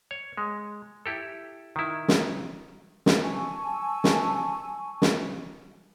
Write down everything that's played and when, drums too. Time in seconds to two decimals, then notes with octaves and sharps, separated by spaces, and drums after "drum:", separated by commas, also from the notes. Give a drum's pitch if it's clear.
0.11 C#5
0.37 G#3
1.06 E4 G4 A4
1.76 D#3 E4
2.08 drum: snare
3.06 drum: snare
3.23 G#5 A5 C#6 E6
4.04 drum: snare
5.02 drum: snare